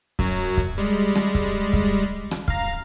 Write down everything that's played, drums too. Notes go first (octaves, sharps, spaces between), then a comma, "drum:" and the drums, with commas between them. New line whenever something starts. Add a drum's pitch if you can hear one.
F#2 F#3, drum: kick C#1
drum: kick C#1
G3 G#3
drum: rim click
drum: kick C#1
drum: kick C#1
drum: rim click
F5 A#5, drum: kick C#1